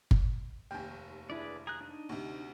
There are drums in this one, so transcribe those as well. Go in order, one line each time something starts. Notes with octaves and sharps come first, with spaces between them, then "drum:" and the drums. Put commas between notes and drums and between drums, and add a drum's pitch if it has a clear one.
drum: kick G1
F1 D#2 G5 G#5
D4 E4 G#4 B4 D5
G#4 A#5 F#6
D4 D#4
D2 C3